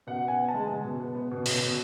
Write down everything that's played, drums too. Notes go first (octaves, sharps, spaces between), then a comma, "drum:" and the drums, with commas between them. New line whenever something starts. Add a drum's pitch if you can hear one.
B2 F#5
B3 G#5
B3
A5
G#3
G#3
B2
B3
B3
B2
B2, drum: open hi-hat
B2